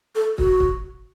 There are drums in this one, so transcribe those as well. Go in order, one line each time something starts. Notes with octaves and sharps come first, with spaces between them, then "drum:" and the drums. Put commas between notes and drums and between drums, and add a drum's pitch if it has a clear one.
A4
F#4, drum: kick
drum: kick